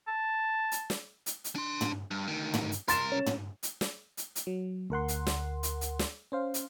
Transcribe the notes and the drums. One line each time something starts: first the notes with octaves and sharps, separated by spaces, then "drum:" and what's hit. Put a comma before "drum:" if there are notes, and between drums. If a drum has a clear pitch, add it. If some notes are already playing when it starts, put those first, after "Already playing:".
A5
drum: hi-hat
drum: snare
drum: hi-hat
drum: hi-hat
D4 C6
drum: tom
G2
D2 D#3
drum: tom
drum: hi-hat
C2 A#4 C6 A6 E7, drum: hi-hat
C#4
drum: tom
drum: hi-hat
drum: snare
drum: hi-hat
drum: hi-hat
F#3
D2 A#4 F#5 C6
drum: hi-hat
drum: snare
drum: hi-hat
drum: hi-hat
drum: snare
C#4 C5 F5
drum: hi-hat